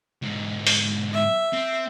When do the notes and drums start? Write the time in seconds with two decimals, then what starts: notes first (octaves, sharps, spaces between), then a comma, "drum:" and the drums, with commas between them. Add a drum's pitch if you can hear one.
0.22 G#2 D3
0.67 drum: open hi-hat
1.13 E5
1.53 C4